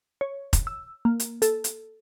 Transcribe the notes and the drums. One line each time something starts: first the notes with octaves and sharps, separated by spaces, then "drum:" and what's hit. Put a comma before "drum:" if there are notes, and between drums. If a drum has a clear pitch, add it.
C#5
drum: kick F1, hi-hat
E6
A#3
drum: hi-hat
A4, drum: hi-hat
drum: hi-hat